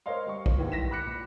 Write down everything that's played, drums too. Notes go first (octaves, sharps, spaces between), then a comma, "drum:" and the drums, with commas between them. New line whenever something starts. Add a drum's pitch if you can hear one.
A#4 C5 C#5 D#5 F5 C6
G3 C#6
drum: kick A#1
D#2 G#2 D#3 E3
A#6 B6 E7
B5 D6 F#6 B6 C#7
A#2